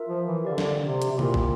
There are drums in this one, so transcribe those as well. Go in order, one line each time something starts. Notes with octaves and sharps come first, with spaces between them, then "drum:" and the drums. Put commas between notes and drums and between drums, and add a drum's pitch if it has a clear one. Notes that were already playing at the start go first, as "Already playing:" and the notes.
Already playing: F4 A#4 E5
F3
E3
D3 G4 D5 F5
drum: snare
C3
drum: hi-hat
C3
A#2 A#3 E4 G4 A#4, drum: tom
drum: kick